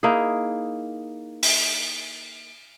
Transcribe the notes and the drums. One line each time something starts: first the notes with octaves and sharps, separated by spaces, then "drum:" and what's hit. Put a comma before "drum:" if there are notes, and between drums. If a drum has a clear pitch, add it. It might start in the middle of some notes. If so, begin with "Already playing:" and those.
A#3 D#4 E4 G#4
drum: open hi-hat